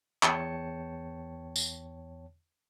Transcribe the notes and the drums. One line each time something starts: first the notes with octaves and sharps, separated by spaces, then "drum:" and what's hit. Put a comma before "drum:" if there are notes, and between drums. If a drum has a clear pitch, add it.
E2 C#5 G5 A5 C#7, drum: clap
drum: tambourine